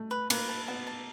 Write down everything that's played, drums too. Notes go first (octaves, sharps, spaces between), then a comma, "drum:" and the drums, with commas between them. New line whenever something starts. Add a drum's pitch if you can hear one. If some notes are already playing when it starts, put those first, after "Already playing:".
Already playing: A3
B4
A#3 B4, drum: cymbal
A5
B3 A5
A5